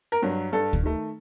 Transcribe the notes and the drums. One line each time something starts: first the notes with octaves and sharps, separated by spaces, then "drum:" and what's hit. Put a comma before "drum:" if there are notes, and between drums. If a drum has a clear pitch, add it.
A#4
G2 F#3
G2 A4
drum: kick
D#3 A3